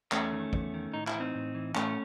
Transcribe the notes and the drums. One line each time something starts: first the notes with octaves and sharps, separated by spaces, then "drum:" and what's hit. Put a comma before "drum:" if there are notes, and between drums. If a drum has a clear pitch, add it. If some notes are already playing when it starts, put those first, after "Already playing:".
E2 A3 C#4, drum: clap
D#3
E2, drum: kick
D#3
A2 D#4
E4, drum: clap
E3
C4 D#4
A2
E3
A2 A3 C#4, drum: clap